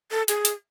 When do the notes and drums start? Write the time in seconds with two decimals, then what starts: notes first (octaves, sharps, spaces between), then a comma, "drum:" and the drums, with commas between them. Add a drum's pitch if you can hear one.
0.11 A4
0.28 G#4, drum: hi-hat
0.45 drum: hi-hat